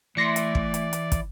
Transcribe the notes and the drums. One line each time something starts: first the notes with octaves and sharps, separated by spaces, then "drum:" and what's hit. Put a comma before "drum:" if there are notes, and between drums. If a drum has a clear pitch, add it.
E3 A3 D5 C6 A#6 C#7
drum: hi-hat
drum: kick
drum: hi-hat
drum: hi-hat
drum: kick, hi-hat